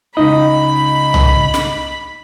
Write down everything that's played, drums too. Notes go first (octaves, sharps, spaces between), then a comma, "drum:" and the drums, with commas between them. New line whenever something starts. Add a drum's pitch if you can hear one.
C#2 D#4 D#5 B5
drum: tom C2
drum: snare